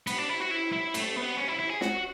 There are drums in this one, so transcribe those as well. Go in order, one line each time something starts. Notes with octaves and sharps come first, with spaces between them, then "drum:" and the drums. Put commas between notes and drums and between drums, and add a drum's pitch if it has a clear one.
B3, drum: cymbal
D4
E4
F#4
E4
E4
A3, drum: cymbal
B3
C#4
E4
E4
G#4
F#4, drum: snare